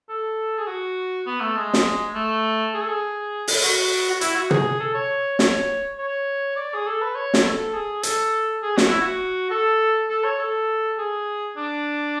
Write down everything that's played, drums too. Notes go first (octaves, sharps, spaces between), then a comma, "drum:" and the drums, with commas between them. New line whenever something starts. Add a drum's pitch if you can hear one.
A4
G#4
F#4
B3
A3
G#3
drum: snare
A3
G#4
A4
G#4
drum: open hi-hat
F#4
F#4
E4, drum: hi-hat
F#4
G#4, drum: tom
A4
C#5
C#5, drum: snare
C#5
D5
G#4
A4
B4
C#5
drum: snare
A4
G#4
A4, drum: hi-hat
G#4
F#4, drum: snare
E4
F#4
A4
A4
C#5
A4
G#4
D4